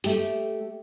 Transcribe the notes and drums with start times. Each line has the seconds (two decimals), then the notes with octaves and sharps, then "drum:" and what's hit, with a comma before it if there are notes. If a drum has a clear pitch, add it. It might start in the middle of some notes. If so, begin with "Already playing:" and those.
0.04 A3 G4, drum: hi-hat